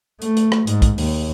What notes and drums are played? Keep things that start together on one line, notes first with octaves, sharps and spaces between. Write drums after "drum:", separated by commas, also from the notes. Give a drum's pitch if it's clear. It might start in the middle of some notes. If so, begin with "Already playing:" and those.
A3, drum: hi-hat
drum: hi-hat
drum: rim click
G#2, drum: hi-hat
drum: kick, hi-hat
D#2, drum: open hi-hat